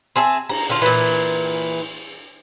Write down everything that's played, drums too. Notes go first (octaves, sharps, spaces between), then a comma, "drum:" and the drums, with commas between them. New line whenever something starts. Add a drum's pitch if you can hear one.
C4 G#4 E5 A5
A#5, drum: cymbal
D3 F4
A#2 E3, drum: hi-hat